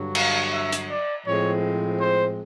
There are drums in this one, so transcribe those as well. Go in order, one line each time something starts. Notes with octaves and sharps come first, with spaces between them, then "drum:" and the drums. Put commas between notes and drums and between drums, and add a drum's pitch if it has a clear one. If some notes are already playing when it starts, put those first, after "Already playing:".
Already playing: G2 D3 F#3
F5, drum: cymbal
E5
drum: hi-hat
D5
A2 F3 G#3 C4 C#5
C5